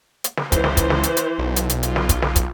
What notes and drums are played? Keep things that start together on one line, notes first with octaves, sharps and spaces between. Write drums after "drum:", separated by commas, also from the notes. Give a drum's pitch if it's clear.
drum: hi-hat
drum: snare
C#2 E3 C5, drum: kick, hi-hat
drum: snare
drum: kick, hi-hat
drum: snare
drum: hi-hat
drum: hi-hat
B1
drum: hi-hat
drum: hi-hat
F4, drum: hi-hat
drum: snare
drum: kick, hi-hat
drum: snare
drum: kick, hi-hat